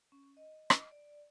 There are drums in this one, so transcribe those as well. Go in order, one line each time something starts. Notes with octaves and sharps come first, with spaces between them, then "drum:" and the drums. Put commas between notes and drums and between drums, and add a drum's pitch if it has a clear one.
C#4
D#5
drum: rim click
D5